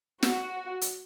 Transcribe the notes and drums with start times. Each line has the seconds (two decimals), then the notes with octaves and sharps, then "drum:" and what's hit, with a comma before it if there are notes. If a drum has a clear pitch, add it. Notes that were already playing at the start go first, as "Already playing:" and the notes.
0.23 F#4, drum: snare
0.81 drum: hi-hat